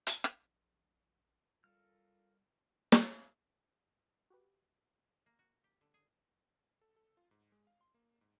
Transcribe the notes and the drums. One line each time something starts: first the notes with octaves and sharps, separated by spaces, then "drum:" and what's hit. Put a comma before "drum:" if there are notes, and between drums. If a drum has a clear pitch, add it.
drum: hi-hat
A#1, drum: rim click
G3 F4 A4 A#4 F6
drum: snare
F#4 G4 B4
A#3
F#4
G4
D3
G#4
A4
A4
F4
G#2
G#3
F5
C6
A#3
G#2